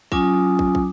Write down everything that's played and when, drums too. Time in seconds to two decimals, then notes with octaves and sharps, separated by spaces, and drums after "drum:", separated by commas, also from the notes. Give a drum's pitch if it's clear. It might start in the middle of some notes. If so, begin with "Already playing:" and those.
0.12 F#3 C#4 F4 G#5 D6 D#6, drum: kick
0.59 drum: kick
0.75 drum: kick